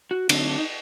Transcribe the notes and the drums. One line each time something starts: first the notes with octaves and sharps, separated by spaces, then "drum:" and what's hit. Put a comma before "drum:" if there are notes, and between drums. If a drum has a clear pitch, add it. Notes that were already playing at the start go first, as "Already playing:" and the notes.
F#4
D3 F#3 A3 C4 D4, drum: cymbal
D#4
D4
D#4